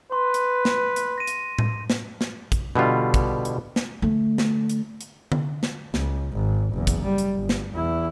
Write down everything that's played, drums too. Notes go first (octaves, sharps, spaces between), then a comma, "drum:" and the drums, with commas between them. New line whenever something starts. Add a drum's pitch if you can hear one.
B4 C6
drum: hi-hat
drum: snare
drum: hi-hat
A#6 D#7
drum: hi-hat
drum: tom A2
drum: snare
drum: snare
drum: kick, hi-hat
B2 D3 G3 F4
drum: kick, hi-hat
drum: hi-hat
drum: snare
D3 A3
drum: snare
drum: hi-hat
drum: hi-hat
drum: tom D3
drum: snare
C#2, drum: snare
G#1
F#1 E2
drum: kick, hi-hat
G3
drum: hi-hat
G1
drum: snare
E2 E4